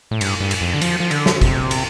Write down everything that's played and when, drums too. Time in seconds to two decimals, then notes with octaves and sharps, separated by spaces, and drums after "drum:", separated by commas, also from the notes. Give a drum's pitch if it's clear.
0.11 A2
0.21 G2, drum: cymbal
0.40 G2
0.51 drum: cymbal
0.61 F2
0.74 D3
0.81 F3, drum: cymbal
1.00 F3
1.11 D3, drum: cymbal
1.26 drum: snare
1.41 C3, drum: kick, cymbal
1.71 drum: cymbal